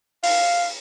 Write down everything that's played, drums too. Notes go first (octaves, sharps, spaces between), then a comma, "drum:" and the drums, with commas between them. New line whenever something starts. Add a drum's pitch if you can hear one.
F5, drum: open hi-hat